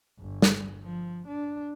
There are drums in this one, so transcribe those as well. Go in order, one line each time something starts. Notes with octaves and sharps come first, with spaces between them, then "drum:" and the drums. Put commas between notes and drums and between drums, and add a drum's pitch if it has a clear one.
G1
drum: snare
F3
D4